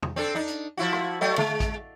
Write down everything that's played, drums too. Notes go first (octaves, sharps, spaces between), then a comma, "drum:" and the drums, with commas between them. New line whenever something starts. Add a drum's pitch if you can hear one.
drum: tom E2
C4 D4 A4
D4 D#4
drum: hi-hat
F3 E4 F#4
drum: rim click
F#3 A3 D#5
G#3, drum: tom D3
drum: kick A1, hi-hat